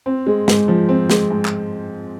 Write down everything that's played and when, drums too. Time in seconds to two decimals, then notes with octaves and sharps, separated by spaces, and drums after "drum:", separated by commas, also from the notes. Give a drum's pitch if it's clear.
0.06 C4
0.26 G#3
0.48 G#2, drum: snare
0.68 F3
0.89 C4
1.10 G#3, drum: snare
1.31 G#2
1.45 drum: clap